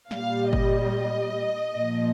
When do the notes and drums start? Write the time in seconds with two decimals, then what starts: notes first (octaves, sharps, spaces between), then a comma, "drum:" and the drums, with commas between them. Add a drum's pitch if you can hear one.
0.11 A#2 G3 F5, drum: snare
0.53 D#5, drum: kick G1
1.76 A#2 F3